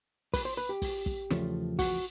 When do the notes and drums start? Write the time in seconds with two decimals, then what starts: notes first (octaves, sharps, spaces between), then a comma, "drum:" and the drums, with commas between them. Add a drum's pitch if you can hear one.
0.34 B4, drum: kick, open hi-hat
0.45 C5
0.57 B4
0.69 G4
0.82 drum: kick, open hi-hat
1.06 drum: kick
1.30 E2 C#3 F3 A3, drum: snare
1.79 F#4, drum: kick, open hi-hat